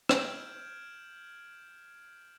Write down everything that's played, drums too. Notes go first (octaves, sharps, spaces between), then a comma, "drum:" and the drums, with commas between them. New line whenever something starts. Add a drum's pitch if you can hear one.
F6 G6 G#6 D7 E7 F#7, drum: rim click